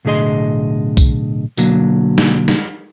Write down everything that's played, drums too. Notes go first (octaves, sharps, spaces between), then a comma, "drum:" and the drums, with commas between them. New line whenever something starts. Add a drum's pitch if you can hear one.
B1 A2 D3 G#4 D#5 C6
drum: kick B1, tambourine
B2 D3 F#3 A#3, drum: tambourine
drum: snare
drum: snare